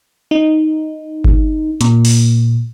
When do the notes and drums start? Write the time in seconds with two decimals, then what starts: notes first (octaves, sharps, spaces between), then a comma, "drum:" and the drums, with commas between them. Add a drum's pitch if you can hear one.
0.31 D#4
1.24 drum: kick G1
1.81 A#2, drum: hi-hat
2.05 drum: open hi-hat